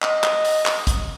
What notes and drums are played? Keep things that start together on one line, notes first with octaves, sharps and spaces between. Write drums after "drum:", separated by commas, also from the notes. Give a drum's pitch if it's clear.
D#5, drum: clap
drum: clap
drum: open hi-hat
drum: clap
drum: kick A#1, hi-hat